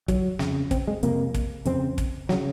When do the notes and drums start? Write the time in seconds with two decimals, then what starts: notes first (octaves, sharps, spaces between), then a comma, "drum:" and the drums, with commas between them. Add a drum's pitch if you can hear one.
0.08 F#3, drum: kick, hi-hat
0.39 F2 C#3, drum: snare
0.71 C4, drum: kick, hi-hat
0.88 G#3
1.03 F2 C3 A#3, drum: hi-hat
1.34 drum: kick, hi-hat
1.65 F2 C#3 C4, drum: hi-hat
1.98 drum: kick, hi-hat
2.29 F#3, drum: snare
2.32 C#3